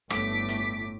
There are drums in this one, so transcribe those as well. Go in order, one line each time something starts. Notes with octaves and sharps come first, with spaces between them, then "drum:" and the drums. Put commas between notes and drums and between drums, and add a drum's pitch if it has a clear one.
G1 A2 A3 D6 B6, drum: rim click
drum: hi-hat